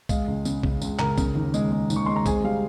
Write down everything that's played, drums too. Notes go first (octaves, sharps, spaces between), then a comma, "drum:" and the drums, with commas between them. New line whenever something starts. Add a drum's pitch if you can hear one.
G#3 F5, drum: kick B1, tambourine
C#2
C#3, drum: tambourine
C#3, drum: kick B1
C#2, drum: tambourine
C#2 A#4 A#5, drum: clap
C#3, drum: kick B1, tambourine
D#2
G#3, drum: tambourine
G#3
D#2, drum: tambourine
C#6
G#3 C6
A#5
C4 G#4 G#5, drum: kick B1, tambourine
G3 F5